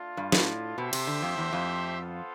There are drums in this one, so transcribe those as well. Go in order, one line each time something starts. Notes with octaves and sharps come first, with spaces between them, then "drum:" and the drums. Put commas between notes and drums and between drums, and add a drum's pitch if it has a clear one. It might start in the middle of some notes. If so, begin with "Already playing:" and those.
Already playing: A3 D4 F4
G2
A2, drum: snare
B2 A3 C4 G4 C5 E5
C3, drum: cymbal
D3
F2
E2
F2
B3 F4 A4 C5 F5